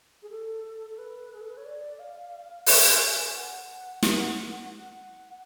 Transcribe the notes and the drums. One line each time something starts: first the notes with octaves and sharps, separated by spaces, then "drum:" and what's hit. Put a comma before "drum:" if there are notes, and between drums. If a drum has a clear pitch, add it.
G#4
A4
A4
B4
G#4
A4
B4
C#5
D5
F5
G#5, drum: open hi-hat
F#5
F#5, drum: snare
F#5